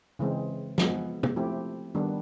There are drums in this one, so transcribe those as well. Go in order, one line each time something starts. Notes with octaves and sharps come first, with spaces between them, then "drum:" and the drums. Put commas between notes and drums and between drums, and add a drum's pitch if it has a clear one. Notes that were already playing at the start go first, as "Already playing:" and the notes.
C#3 E3 G#3 C4
F3 G#3 B3, drum: snare
drum: tom
F3 A3 C4 E4 G4
D#3 G3 B3 D4